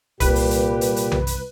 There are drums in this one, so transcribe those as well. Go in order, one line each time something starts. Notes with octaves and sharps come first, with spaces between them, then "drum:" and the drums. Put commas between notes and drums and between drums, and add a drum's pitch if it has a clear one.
C2 A#2 G4 B4, drum: kick E1, hi-hat
drum: open hi-hat
drum: hi-hat
drum: hi-hat
drum: hi-hat
drum: tom B1
drum: hi-hat